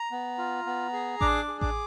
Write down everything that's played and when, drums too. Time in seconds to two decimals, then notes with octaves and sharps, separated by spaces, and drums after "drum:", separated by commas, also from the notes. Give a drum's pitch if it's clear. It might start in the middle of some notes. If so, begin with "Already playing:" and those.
Already playing: A#5
0.11 B3
0.38 F4
0.66 B3
0.93 G#4
1.21 D4 D6, drum: kick A1
1.48 G#4
1.61 D6, drum: kick A1